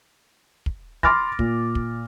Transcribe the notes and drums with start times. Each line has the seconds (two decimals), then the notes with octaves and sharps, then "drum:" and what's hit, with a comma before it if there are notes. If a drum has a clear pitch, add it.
0.66 drum: kick
1.03 B5 C6 D6 F6 A6 A#6, drum: kick
1.39 A#2, drum: kick
1.75 drum: kick